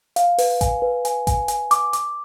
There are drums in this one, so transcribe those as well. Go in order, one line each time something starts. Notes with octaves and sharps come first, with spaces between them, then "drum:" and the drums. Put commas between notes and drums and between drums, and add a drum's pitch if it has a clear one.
F5, drum: hi-hat
B4, drum: open hi-hat
G#5, drum: kick A1, hi-hat
B4
G#5, drum: hi-hat
G#5, drum: kick A1, hi-hat
G#5, drum: hi-hat
D6, drum: hi-hat
D6, drum: hi-hat